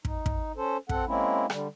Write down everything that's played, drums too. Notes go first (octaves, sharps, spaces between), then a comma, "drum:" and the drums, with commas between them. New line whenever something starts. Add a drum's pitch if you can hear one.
D#4, drum: kick
drum: kick
C#4 A4 C5
C4 A4 F#5, drum: kick
G#3 A#3 C4 C#4 E4
D3 G3, drum: rim click